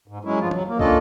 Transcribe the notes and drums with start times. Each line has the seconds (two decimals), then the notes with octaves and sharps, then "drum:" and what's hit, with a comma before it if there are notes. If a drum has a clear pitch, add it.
0.08 G#2
0.25 F#3 G#3 C#4 E4
0.40 G2 F3 F4
0.51 F#3, drum: tom
0.68 A#3
0.79 A#3 C#4 D4 F4 A4 D#5, drum: kick